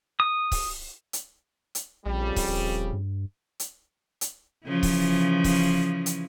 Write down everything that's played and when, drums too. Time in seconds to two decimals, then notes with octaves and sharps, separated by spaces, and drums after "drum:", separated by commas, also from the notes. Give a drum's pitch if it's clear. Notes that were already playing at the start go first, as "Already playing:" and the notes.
0.20 D#6
0.52 drum: kick C#1, open hi-hat
1.13 drum: hi-hat
1.75 drum: hi-hat
2.06 A#1 F2 C#3 G3
2.36 drum: kick C#1, open hi-hat
2.48 D#1
2.93 G2
3.60 drum: hi-hat
4.21 drum: hi-hat
4.67 C#3 E3 F3
4.83 drum: kick C#1, open hi-hat
5.44 drum: kick C#1, open hi-hat
6.06 drum: hi-hat